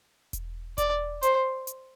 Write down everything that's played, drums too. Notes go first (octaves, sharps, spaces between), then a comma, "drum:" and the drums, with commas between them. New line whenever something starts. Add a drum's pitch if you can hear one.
drum: kick E1, hi-hat
D5, drum: kick E1, hi-hat
C5, drum: hi-hat
drum: hi-hat